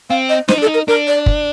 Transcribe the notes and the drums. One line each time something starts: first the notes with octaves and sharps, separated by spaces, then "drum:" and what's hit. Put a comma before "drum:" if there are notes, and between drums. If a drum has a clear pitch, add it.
C4 F5
D#5
D#4 C5, drum: snare
D4 A4
D#4
A#4
D4 A#4
D5
drum: kick